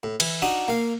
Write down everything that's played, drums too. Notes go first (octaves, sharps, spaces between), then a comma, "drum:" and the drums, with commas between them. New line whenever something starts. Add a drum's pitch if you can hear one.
A2
E3, drum: cymbal
D4 D#4 F#4 D#6
A#3 F5